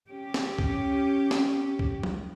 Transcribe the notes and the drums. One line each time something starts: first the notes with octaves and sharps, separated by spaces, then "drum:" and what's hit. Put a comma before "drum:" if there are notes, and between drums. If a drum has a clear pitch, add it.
C#4 G4
drum: snare
drum: kick C#2
drum: snare
drum: kick C#2
drum: tom F3